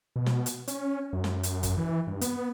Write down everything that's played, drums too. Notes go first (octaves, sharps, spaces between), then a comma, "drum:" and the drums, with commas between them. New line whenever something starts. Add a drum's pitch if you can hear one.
B2
drum: snare
drum: hi-hat
C#4, drum: hi-hat
F#2
drum: snare
drum: hi-hat
drum: kick, hi-hat
E3
G2
B3, drum: hi-hat